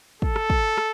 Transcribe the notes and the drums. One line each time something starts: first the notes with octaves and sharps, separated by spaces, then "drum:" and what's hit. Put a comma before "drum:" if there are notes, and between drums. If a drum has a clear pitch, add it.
A4, drum: kick
drum: rim click
drum: kick
drum: rim click